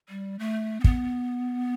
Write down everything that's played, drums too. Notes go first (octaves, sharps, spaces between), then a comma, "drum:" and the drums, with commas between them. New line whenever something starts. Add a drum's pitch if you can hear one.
G3
A3
C4
B3, drum: kick